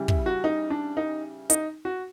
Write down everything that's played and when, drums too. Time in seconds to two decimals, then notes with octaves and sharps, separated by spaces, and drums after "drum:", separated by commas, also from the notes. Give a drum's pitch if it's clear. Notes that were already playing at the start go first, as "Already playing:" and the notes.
Already playing: C#3 E3 G3
0.08 E4, drum: kick
0.26 F#4
0.44 D#4
0.70 D4
0.97 D#4
1.50 D#4, drum: hi-hat
1.85 F#4